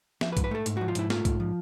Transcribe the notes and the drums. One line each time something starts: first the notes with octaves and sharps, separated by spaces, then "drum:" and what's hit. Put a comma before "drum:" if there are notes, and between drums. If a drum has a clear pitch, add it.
F3 E5, drum: snare
B4
G#2, drum: kick, hi-hat
B4
A3 A4
G#2, drum: hi-hat
F3 F#4
F4
G#2 E4, drum: hi-hat
A3 F4, drum: snare
G#2, drum: kick, hi-hat
F3